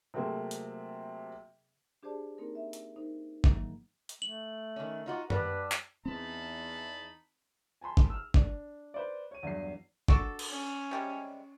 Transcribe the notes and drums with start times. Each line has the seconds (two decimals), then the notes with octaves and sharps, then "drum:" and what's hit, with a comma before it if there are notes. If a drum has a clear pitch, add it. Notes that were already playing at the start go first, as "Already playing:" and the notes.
0.14 C3 F#3 A3 A#3 C4 G#4
0.51 drum: hi-hat
2.03 D4 G4 G#4 C5 D5 A5
2.38 A#3 C4 D#4 A#4
2.55 E5
2.73 drum: hi-hat
2.96 D#4 A#4 C5
3.44 G#2 D#3 E3 F#3 A#3, drum: kick G1
4.09 drum: hi-hat
4.22 A3 F#7
4.76 D#3 C#4
5.06 D#4 F4 F#4
5.30 G3 D4 B4, drum: tom F#2
5.72 drum: clap
6.05 E2 C4 D#4 A5 B5
7.81 G#5 A5 B5 C6
7.97 drum: kick G1
8.10 E6 F6
8.34 D4, drum: kick G1
8.94 B4 C5 D5
9.31 C#5 D#7
9.43 E2 G2 F#3 C7
10.08 D4 F#4 A4, drum: kick G1
10.39 drum: cymbal
10.49 C#4
10.91 C3 G3 G#3